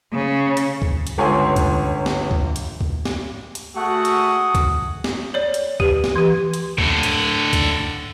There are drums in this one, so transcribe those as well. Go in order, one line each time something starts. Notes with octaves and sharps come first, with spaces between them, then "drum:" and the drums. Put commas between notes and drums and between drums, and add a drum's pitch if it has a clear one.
C#3
drum: hi-hat
drum: kick
drum: hi-hat
G1 C#2 C#5 G#5 C6
drum: kick, hi-hat
drum: snare
drum: kick
drum: hi-hat
drum: kick
drum: snare
drum: hi-hat
A3 F#4 G#4 F#5 D#6
drum: hi-hat
drum: kick, hi-hat
drum: snare
C#5 D5
drum: hi-hat
G4 B4, drum: kick
drum: snare
E3 G4
drum: hi-hat
A2 D3, drum: kick
drum: hi-hat
drum: kick, hi-hat